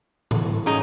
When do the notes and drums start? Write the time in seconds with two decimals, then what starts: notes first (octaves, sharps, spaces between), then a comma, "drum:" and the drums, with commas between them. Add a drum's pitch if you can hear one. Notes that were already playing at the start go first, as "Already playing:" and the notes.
0.31 D3 E3, drum: tom G#2
0.66 F#3 C#4 D#4 G#4